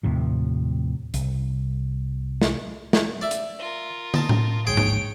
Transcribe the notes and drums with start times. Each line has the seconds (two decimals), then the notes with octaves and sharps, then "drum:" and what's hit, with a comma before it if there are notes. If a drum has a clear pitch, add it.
0.03 D#2 A2 C3 F3
1.14 C2, drum: hi-hat
2.42 drum: snare
2.93 drum: snare
3.21 D5 E5
3.31 drum: hi-hat
3.59 F4 A#4
4.14 D#4 A5, drum: tom
4.29 drum: tom A2
4.67 A1 D2 G#2 G#4 C#5 G5 D7
4.77 drum: tom G#2